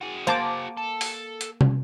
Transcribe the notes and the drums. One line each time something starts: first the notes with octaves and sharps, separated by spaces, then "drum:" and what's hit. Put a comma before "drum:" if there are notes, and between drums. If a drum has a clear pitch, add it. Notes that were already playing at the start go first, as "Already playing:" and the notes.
F#4 G#4
A#3 C5 A5 D6
A4
drum: open hi-hat
drum: hi-hat
drum: tom C3